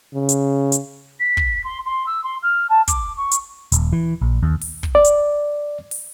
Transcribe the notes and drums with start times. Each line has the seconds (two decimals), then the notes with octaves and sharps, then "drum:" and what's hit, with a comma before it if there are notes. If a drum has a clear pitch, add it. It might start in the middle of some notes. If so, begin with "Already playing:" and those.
0.15 C#3
0.29 drum: hi-hat
0.72 drum: hi-hat
1.20 B6
1.37 drum: kick
1.64 C6
1.86 C6
2.06 E6
2.24 C6
2.43 F6
2.69 A5
2.88 D6, drum: kick, hi-hat
3.17 C#6
3.32 drum: hi-hat
3.72 D#1, drum: hi-hat
3.93 E3
4.21 A#1
4.43 D#2
4.61 drum: open hi-hat
4.83 drum: kick
4.95 D5
5.05 drum: hi-hat
5.91 drum: open hi-hat